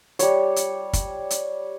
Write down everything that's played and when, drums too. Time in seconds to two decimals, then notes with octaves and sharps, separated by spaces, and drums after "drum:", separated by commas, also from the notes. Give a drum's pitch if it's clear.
0.19 G3 C#5, drum: hi-hat
0.56 drum: hi-hat
0.93 drum: kick, hi-hat
1.30 drum: hi-hat